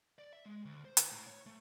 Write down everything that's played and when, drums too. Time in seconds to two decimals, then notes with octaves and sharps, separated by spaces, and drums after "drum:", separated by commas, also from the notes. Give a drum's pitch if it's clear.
0.19 D5
0.33 E5
0.46 G#3
0.65 D2
0.85 C5
0.97 drum: hi-hat
1.11 A2
1.27 C#5
1.46 A3